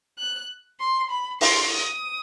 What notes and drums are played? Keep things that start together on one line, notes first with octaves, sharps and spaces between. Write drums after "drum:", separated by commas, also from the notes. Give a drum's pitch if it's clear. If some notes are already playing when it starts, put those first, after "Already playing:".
F#6
C6
B5
C6, drum: open hi-hat
D#6